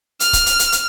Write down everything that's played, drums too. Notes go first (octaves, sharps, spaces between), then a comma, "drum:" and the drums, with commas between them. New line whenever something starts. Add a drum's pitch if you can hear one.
F6, drum: hi-hat
drum: kick C#1, hi-hat
drum: hi-hat
drum: hi-hat
drum: hi-hat